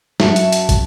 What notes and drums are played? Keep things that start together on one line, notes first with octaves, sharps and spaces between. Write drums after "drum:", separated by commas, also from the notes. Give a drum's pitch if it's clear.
F#2 F#4 E5 A5, drum: snare
drum: hi-hat
drum: hi-hat
drum: kick, hi-hat